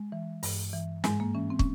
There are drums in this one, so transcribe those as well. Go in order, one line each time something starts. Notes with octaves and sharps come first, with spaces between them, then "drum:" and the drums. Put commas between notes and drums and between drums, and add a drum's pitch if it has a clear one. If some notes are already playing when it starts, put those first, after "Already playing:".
Already playing: G#3
E3
G2, drum: open hi-hat
E3
G#2 G#3, drum: snare
A#3
E3 C#4
C4
C#4, drum: kick